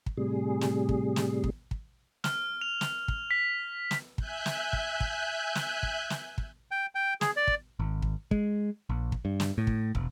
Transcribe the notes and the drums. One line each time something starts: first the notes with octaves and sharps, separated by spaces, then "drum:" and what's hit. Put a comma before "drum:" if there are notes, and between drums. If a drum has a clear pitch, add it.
drum: kick
A2 C3 G3 G#4
drum: snare
drum: kick
drum: snare
drum: kick
drum: kick
F6, drum: snare
F7
drum: snare
drum: kick
B6
drum: snare
E5 G#5 F#6 G6, drum: kick
drum: snare
drum: kick
drum: kick
drum: snare
drum: kick
drum: snare
drum: kick
G5
G5
G#4, drum: snare
D5
drum: kick
G#1
drum: kick
G#3, drum: kick
A#1
drum: kick
G2
drum: snare
A2
drum: kick
E1, drum: kick